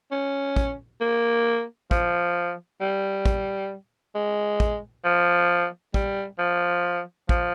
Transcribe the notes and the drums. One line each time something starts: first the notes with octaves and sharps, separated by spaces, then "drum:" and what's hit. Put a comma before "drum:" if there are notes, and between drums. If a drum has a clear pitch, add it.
C#4
drum: kick
A#3
F3, drum: kick
G3
drum: kick
G#3
drum: kick
F3
G3, drum: kick
F3
F3, drum: kick